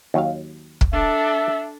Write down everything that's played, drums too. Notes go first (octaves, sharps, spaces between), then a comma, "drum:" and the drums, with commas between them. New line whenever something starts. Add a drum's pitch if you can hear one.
D#2 F#3 F5
drum: kick
D4 A4 E5